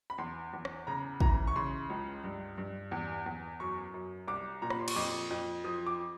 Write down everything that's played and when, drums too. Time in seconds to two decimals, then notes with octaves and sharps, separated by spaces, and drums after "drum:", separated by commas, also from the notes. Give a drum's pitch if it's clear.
0.10 B5
0.18 E2 C6
0.53 E2
0.65 drum: rim click
0.87 C#3 A#5
1.20 E3 A#5, drum: kick
1.47 C#6
1.56 C#3 C6
1.90 C#2
2.24 G2
2.58 G2
2.92 E2
3.26 E2
3.60 F#2 C#6
3.94 F#2
4.28 C2 D6
4.62 A#2 A#5
4.70 B5, drum: rim click
4.80 C6
4.88 C#6, drum: cymbal
4.96 F2 D6
5.31 F2
5.64 F3 D#6
5.87 D6